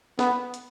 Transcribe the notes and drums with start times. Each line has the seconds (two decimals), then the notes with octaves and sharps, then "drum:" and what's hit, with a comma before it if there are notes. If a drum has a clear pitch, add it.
0.19 B3, drum: snare
0.54 drum: hi-hat